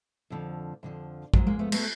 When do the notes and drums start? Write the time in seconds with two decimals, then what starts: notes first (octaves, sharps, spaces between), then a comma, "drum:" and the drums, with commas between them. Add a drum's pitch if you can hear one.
0.30 F2 D3 F3
0.83 F2 D3 F3
1.34 G#2 F3 F#3 G#3, drum: kick
1.47 G#3 A#3
1.59 A3 B3
1.72 A3 B3, drum: cymbal